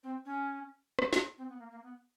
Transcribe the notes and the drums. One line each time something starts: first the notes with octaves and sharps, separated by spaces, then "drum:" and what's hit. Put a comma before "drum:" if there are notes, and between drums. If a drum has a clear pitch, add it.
C4
C#4
drum: rim click
drum: snare
C4
B3
A#3
A#3
B3